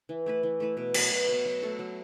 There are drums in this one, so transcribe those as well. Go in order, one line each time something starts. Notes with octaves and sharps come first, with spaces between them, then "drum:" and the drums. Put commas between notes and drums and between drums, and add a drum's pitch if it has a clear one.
E3
A3 E4 B4
E3
A3 E4 B4
B2
F#3 B3, drum: cymbal
B2
F#3 B3
F#3
A3 F#4 A4
F#3